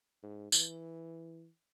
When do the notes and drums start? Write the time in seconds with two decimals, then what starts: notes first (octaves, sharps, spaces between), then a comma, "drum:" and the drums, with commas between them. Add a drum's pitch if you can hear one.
0.23 G#2
0.52 E3, drum: tambourine